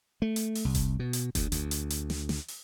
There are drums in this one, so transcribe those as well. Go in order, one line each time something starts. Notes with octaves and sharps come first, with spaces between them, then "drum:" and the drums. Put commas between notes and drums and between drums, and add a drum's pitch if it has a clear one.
A3
drum: hi-hat
drum: open hi-hat
C2
drum: kick F1, hi-hat
B2
drum: hi-hat
D2, drum: kick F1, hi-hat
D2, drum: hi-hat
drum: hi-hat
drum: hi-hat
drum: snare
drum: snare
drum: open hi-hat